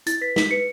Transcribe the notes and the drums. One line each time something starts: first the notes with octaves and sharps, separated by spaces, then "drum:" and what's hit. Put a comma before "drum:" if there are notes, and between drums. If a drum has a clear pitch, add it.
E4 A6, drum: hi-hat
B4 B6
E4 B6, drum: snare
B4 C#7